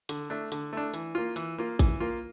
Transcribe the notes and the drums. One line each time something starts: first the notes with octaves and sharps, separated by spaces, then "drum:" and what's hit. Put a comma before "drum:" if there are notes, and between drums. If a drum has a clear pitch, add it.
D3, drum: hi-hat
A3 D4
D3, drum: hi-hat
A3 D4
E3, drum: hi-hat
A#3 F4
E3, drum: hi-hat
A#3 F4
E3, drum: kick A1, hi-hat
A#3 F4